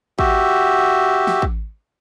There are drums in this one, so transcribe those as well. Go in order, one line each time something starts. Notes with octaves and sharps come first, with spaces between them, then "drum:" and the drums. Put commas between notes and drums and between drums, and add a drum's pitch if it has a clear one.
F#4 G4 E5, drum: kick A1
drum: snare
drum: kick A1